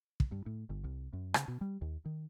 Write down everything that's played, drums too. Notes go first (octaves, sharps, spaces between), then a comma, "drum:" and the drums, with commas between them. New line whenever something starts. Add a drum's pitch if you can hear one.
drum: kick
G2
A2
G1
C2
F#2
C#3, drum: rim click
B2
G3
D#2
D#3